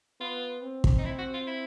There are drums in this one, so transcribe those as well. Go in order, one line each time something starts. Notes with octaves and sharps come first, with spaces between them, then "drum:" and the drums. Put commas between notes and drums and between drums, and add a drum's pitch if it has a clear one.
B3 F4
C4
drum: kick
D#4
C4 E4
F#4
F4
E4